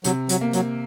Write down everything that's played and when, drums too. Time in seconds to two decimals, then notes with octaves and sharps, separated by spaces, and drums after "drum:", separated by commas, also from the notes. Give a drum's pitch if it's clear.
0.04 C3 F#3, drum: hi-hat
0.29 F#3, drum: hi-hat
0.41 A#3
0.53 F#3, drum: hi-hat